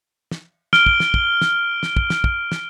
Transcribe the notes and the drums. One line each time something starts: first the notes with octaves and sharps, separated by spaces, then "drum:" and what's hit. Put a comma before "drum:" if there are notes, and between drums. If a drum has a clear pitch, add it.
drum: snare
F6 D7 G7, drum: snare
drum: kick
drum: snare
drum: kick
drum: snare
drum: snare
drum: kick
drum: snare
drum: kick
drum: snare